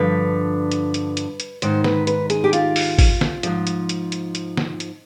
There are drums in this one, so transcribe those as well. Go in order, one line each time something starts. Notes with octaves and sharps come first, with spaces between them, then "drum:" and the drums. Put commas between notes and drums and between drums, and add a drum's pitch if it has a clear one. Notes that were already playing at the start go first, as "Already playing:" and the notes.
Already playing: G2 D3 F3 B4
drum: hi-hat
drum: hi-hat
drum: hi-hat
drum: hi-hat
G#2 D#3 C5, drum: hi-hat
B4, drum: snare
B4, drum: hi-hat
G#4, drum: hi-hat
G4
F4, drum: hi-hat
drum: open hi-hat
drum: kick G#1, open hi-hat
drum: snare
G#2 F3, drum: hi-hat
drum: hi-hat
drum: hi-hat
drum: hi-hat
drum: hi-hat
drum: snare
drum: hi-hat